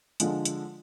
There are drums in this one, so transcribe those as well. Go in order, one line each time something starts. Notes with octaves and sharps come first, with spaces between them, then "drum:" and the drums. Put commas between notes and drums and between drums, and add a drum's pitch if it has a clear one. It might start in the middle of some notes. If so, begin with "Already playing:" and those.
D3 F3 G#3, drum: hi-hat
drum: hi-hat